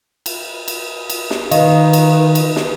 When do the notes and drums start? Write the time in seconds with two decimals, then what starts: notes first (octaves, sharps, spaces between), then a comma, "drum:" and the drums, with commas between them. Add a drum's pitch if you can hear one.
0.26 drum: cymbal
0.68 drum: cymbal
1.10 drum: cymbal
1.30 drum: snare
1.51 D#3 B4 D#5 F5, drum: cymbal
1.93 drum: cymbal
2.35 drum: cymbal
2.56 drum: snare